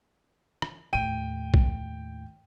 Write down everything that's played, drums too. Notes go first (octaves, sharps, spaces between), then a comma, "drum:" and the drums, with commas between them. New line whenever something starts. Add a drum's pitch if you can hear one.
drum: rim click
D#2 A2 G5 D#7
drum: kick B1